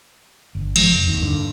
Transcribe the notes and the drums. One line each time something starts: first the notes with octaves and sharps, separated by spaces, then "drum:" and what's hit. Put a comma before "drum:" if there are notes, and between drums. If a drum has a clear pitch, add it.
G1
G#1 F3 G#3, drum: cymbal
F1
D#2 D#3
G2 D3